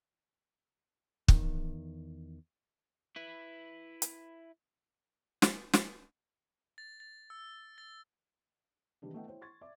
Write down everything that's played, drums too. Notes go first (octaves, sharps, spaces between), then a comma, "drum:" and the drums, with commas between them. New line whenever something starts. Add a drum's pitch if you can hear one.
E2 D#3, drum: kick
E4 B4
drum: hi-hat
drum: snare
drum: snare
A6
A6
E6
A6
C3 D#3 E3 G3 G#3 D4
A3 B3 E4 D#5 F#5 G5
E4 C5 C#5 G5
C6 C#6 G#6 A6
D5 E5 D6